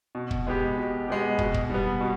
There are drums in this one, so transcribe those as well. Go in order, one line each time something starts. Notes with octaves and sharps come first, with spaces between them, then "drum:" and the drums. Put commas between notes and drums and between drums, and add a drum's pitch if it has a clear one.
B2
drum: kick
G#3 B3 G4
B2
G#3 B3 G4
B2, drum: kick
drum: kick
G3 B3
B2